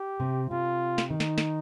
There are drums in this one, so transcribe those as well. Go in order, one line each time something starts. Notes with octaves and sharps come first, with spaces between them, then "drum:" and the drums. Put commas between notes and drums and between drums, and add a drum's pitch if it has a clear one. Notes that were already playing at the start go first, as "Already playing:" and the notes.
Already playing: G4
C3
C3 F4
drum: snare
D#3 D#4
drum: snare
drum: snare